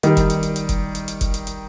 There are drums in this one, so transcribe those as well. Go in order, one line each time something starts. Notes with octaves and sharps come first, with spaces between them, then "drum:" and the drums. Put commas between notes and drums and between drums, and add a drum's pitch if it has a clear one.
D#3 G3, drum: hi-hat
drum: kick F1, hi-hat
drum: hi-hat
drum: hi-hat
drum: hi-hat
drum: kick F1, hi-hat
drum: hi-hat
drum: hi-hat
drum: kick F1, hi-hat
drum: hi-hat
drum: hi-hat